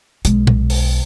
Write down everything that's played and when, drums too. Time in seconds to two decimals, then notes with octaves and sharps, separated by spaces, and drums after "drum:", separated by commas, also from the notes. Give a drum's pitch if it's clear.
0.25 B1 G#3, drum: hi-hat
0.47 drum: tom
0.70 drum: open hi-hat